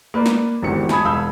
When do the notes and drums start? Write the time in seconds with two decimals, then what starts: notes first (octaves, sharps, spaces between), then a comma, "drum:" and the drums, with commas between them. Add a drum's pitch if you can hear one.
0.14 A#3 B4 D5
0.26 drum: snare
0.62 G#1 E2 D3 C4 G4 C#7
0.89 G#5 A5 B5 D#6 G#6, drum: snare
1.05 E1 F5 B5 E6 G6